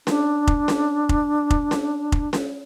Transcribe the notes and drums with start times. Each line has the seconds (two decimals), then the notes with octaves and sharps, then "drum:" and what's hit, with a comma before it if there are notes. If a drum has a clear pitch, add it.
0.07 D4, drum: snare C#4
0.47 drum: kick F1
0.68 drum: snare C#4
1.09 drum: kick F1
1.50 drum: kick F1
1.71 drum: snare C#4
2.12 drum: kick F1
2.33 drum: snare C#4